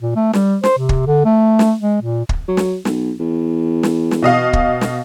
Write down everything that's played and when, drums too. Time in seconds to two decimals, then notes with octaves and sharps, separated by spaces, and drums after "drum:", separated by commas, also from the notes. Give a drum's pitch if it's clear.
0.01 A#2
0.16 A3
0.33 G3, drum: snare
0.64 C5, drum: snare
0.78 C3
0.89 drum: kick
1.06 D3
1.25 A3
1.59 drum: snare
1.80 G#3
2.02 A#2
2.29 drum: kick
2.48 F#3
2.57 drum: snare
2.85 B1, drum: snare
3.19 E2
3.83 drum: snare
4.11 drum: snare
4.22 B2 D#5 F5
4.53 drum: kick
4.81 drum: snare